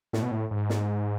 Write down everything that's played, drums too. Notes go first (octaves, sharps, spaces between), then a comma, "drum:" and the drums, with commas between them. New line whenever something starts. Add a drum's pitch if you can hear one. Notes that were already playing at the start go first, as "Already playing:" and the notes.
A2, drum: snare
B2
A2
G#2
drum: snare